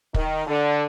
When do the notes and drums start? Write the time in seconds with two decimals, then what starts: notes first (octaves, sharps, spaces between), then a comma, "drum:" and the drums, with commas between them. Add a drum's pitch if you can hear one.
0.14 D#3, drum: kick
0.47 D3